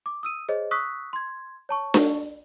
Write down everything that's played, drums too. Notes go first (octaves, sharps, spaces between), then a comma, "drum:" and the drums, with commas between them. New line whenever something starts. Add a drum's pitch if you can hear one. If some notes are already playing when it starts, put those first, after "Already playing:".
D6
D#6 E6 D#7
G#4 C5 C#5 D#5
C#6 D#6 E6 F#6 B6
C6 G#6
C#5 A5 C#6
drum: snare D4